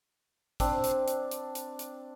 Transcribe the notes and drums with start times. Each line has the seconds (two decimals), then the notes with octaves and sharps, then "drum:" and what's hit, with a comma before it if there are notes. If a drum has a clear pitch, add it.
0.60 C4 D4, drum: kick G#1, hi-hat
0.84 drum: hi-hat
1.08 drum: hi-hat
1.31 drum: hi-hat
1.55 drum: hi-hat
1.79 drum: hi-hat